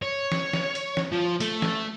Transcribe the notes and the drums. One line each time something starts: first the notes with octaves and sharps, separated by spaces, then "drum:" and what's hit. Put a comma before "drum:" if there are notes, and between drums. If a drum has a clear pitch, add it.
C#5
drum: snare
drum: snare
drum: hi-hat
drum: snare
F3
A3, drum: hi-hat
drum: snare